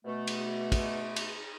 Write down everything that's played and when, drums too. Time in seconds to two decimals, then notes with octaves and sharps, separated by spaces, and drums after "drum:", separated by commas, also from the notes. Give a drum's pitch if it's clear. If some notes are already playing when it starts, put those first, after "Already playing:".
0.05 B2 A3
0.27 drum: cymbal
0.72 drum: kick, cymbal
1.16 drum: cymbal